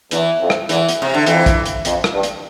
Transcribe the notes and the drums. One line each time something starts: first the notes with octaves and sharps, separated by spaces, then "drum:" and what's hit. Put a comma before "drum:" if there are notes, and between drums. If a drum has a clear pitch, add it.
E2 E3, drum: hi-hat
F2
drum: rim click
E2 E3, drum: hi-hat
drum: hi-hat
C3
D3
F2 E3, drum: hi-hat
drum: kick, hi-hat
drum: hi-hat
F2, drum: hi-hat
drum: rim click
G2
drum: hi-hat